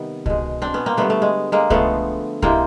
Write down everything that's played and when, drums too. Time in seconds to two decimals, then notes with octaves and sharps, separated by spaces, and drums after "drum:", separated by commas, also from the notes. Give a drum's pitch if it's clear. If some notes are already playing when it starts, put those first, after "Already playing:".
Already playing: C3 D#3 G3 B3
0.26 B2 G#3, drum: kick C2
0.62 C4 D4
0.74 B3 C#4
0.86 A#3 C4
0.97 D3 G3 A3 B3
1.10 A3
1.22 G#3
1.52 G#3 A#3
1.70 D3 F3 G#3 A3 B3, drum: kick C2
2.42 C3 E3 G#3 A#3 C4, drum: kick C2